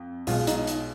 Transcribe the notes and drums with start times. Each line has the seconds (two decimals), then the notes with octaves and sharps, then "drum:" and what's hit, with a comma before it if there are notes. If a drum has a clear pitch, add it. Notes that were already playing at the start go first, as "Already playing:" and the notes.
Already playing: F2
0.27 B1 B2 G#3 F4, drum: open hi-hat
0.47 D#4, drum: hi-hat
0.67 drum: hi-hat